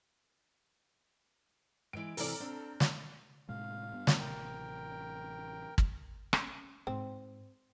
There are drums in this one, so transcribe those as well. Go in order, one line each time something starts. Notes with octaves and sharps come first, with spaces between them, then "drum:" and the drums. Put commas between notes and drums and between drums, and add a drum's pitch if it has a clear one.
E3 G#3 D7
C3 E3 A4 D5 A#5 F6, drum: open hi-hat
C4 D4
drum: snare
A2 C3 G#3 F5
G2 B3
drum: snare
A1 C3 A#4 G5
drum: kick
C#4, drum: rim click
G#2 C4